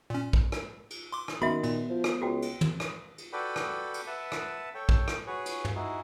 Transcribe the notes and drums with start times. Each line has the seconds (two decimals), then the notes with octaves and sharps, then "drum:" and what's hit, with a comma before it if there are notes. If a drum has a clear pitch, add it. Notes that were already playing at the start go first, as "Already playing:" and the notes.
0.10 A#2 C#4
0.33 drum: kick
0.52 drum: rim click
0.90 drum: cymbal
1.12 C6 D6
1.28 drum: rim click
1.42 D#3 B3 C#4 F#4 E5 B5
1.63 A#2 B3, drum: cymbal
1.89 F3
2.04 drum: rim click
2.22 C#2 F#4 G5
2.42 drum: cymbal
2.61 drum: tom
2.80 drum: rim click
3.18 drum: cymbal
3.33 F#4 A4 B4 D5 G5 B5
3.56 drum: rim click
3.94 drum: cymbal
4.07 B4 E5 F#5 A5
4.32 drum: rim click
4.75 A4 C#5 G5
4.89 drum: kick
5.08 drum: rim click
5.27 F#4 G#4 B4 C#5
5.46 drum: cymbal
5.65 drum: tom
5.75 D#4 E4 F#4 G#4